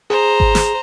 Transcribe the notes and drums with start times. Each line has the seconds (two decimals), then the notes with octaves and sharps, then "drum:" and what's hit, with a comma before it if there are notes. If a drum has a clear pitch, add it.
0.10 G#4 C5 A#5
0.40 drum: kick G#1
0.55 drum: snare